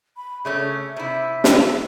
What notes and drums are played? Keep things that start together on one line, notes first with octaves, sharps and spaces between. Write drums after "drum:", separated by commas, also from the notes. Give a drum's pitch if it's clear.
B5
C#3 A3 C#4 E5
C3 E4
drum: snare